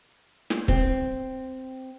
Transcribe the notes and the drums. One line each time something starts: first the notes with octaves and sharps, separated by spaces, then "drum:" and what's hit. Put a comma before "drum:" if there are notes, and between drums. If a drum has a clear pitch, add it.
drum: snare
C4, drum: kick